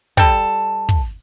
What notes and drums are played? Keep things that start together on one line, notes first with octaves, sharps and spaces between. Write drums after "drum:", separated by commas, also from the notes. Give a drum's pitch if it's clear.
G3 A4, drum: kick
drum: kick